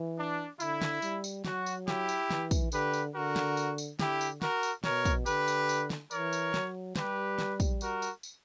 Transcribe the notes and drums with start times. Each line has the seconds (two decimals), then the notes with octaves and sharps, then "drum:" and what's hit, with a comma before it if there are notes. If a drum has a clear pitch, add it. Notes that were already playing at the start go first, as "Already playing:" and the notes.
Already playing: E3
0.18 D4
0.60 D3 E4, drum: tambourine
0.82 drum: snare
1.02 G3, drum: tambourine
1.24 drum: tambourine
1.45 F#3 F#4, drum: snare
1.66 drum: tambourine
1.88 E4 G4, drum: snare
2.09 drum: tambourine
2.31 E3, drum: snare
2.51 drum: kick, tambourine
2.72 D3 G4 B4, drum: tambourine
2.93 drum: tambourine
3.14 D3 F#4 A#4
3.36 drum: snare
3.57 drum: tambourine
3.78 drum: tambourine
3.99 D3 E4 G4, drum: snare
4.21 drum: tambourine
4.42 F#4 A#4, drum: snare
4.63 drum: tambourine
4.84 B2 A#4 C#5, drum: snare
5.05 drum: kick, tambourine
5.26 D3 G4 B4, drum: tambourine
5.48 drum: tambourine
5.69 drum: tambourine
5.90 drum: snare
6.11 E3 A#4 C#5, drum: tambourine
6.33 drum: tambourine
6.54 F#3, drum: snare
6.96 G3 G4 B4, drum: snare
7.39 drum: snare
7.60 drum: kick, tambourine
7.81 F#4 A#4, drum: tambourine
8.02 drum: tambourine
8.23 drum: tambourine